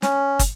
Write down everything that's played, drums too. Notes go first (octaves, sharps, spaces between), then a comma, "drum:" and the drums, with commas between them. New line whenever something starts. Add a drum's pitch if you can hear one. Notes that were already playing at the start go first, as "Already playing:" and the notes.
C#4, drum: snare
drum: kick, hi-hat